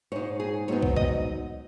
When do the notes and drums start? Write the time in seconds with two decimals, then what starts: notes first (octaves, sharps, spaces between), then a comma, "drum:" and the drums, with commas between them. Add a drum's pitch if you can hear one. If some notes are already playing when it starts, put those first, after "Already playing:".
0.12 G#2 G#3 D#4 C#5
0.40 G#4
0.68 G#2 F#3 B3 D#4 C#5
0.83 drum: kick
0.97 D#5, drum: kick